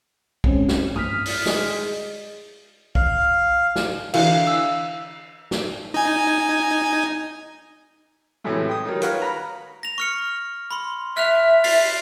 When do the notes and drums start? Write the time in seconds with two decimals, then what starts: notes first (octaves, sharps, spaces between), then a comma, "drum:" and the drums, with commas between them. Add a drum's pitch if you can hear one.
0.44 G#3 C4 C#4, drum: kick B1
0.69 drum: snare
0.96 D#6 F6 B6, drum: tom
1.26 drum: open hi-hat
1.46 G#3, drum: snare
2.95 F5, drum: kick B1
3.76 drum: snare
4.14 D3 E3 F5, drum: cymbal
4.47 E6
5.51 drum: snare
5.94 D#4 G#5
8.44 A2 C3 E3 F#3 G#3 A3
8.69 G5 D#6
8.85 D#3 F#3 G3 D#4
9.02 F4 A#4 B4 C#5 F#5, drum: hi-hat
9.22 A#5 B5
9.83 A#6 F7
9.98 C#6 F6 C#7
10.71 B5 C6
11.17 E5 F6 F#6 F7
11.64 A6 C7 F7, drum: open hi-hat